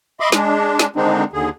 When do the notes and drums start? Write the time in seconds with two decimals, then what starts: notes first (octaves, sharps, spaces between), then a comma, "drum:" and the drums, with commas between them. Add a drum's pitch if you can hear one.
0.20 D#5 E5 B5 C6 D6
0.32 G#3 D4, drum: snare
0.79 drum: snare
0.96 D3 D#3 G#3 C4 D4 D#4
1.33 D#2 D3 G#4